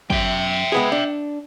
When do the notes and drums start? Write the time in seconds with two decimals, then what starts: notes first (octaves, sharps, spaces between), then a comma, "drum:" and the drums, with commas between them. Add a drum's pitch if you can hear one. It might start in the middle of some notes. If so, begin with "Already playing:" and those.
0.10 F#2 E5 G5, drum: kick
0.72 G#3 B3 G#4
0.92 D4